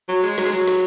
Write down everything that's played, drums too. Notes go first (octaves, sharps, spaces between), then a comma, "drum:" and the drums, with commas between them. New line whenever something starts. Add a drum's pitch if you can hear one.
F#3
G#3
F#3, drum: snare
G#3
F#3, drum: hi-hat
drum: snare